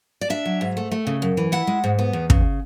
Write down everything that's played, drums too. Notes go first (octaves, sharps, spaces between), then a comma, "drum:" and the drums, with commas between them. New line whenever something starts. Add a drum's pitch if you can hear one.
D5
D4 E5
F#3
G#2
A3
A3
C#3
F#2
E3
E4 F#5
G#3
G#2
B3
E2
C#3, drum: kick